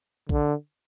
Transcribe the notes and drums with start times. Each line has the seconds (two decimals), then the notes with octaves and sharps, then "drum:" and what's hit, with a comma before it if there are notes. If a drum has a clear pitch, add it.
0.29 D3, drum: kick A#1